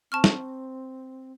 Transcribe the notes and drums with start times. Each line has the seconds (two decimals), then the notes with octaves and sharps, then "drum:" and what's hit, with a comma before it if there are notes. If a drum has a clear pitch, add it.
0.12 C4 A5 C#6 F6
0.24 drum: snare